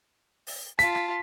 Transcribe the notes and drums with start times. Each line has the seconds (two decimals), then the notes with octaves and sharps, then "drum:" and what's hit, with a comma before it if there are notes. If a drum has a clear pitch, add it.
0.47 drum: open hi-hat
0.79 F4 A5 B6, drum: hi-hat
0.95 drum: rim click